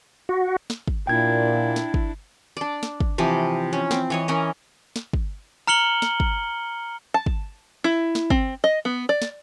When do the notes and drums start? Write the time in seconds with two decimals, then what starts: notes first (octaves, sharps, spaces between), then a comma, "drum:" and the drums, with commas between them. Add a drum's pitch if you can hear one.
0.29 F#4
0.70 drum: snare
0.88 drum: kick
1.07 A#2 D4 E4 G5 G#6
1.76 drum: snare
1.94 drum: kick
2.57 D4 D5
2.83 drum: snare
3.00 drum: kick
3.18 C3 E3 F3
3.73 C#4
3.91 C4, drum: snare
4.10 E3 C#5 D#5
4.28 E3 C#4 A#4 D#5
4.96 drum: snare
5.13 drum: kick
5.67 A#5 F6 C#7 F#7 G7
6.02 drum: snare
6.20 drum: kick
7.14 A5
7.26 drum: kick
7.84 E4
8.15 drum: snare
8.30 C4, drum: kick
8.64 D#5
8.85 B3
9.09 D5
9.22 drum: snare